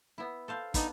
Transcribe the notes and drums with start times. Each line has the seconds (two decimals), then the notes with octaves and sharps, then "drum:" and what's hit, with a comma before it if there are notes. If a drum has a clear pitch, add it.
0.18 B3 E4
0.48 A4 C5 F5
0.74 B3 D4 D#4, drum: kick, hi-hat